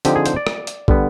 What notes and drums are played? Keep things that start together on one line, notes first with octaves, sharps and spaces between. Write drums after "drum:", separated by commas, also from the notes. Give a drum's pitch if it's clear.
D3 F3 C4 D#4 G4, drum: hi-hat
G#4
C5, drum: hi-hat
D5
drum: rim click
drum: hi-hat
D3 G3 B3, drum: kick